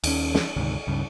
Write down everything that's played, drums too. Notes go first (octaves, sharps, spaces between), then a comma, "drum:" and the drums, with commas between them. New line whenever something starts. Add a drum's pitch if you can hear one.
D#2 C#4, drum: cymbal
drum: snare
D2 G#2 C3 D#3
C#2 G2 C#3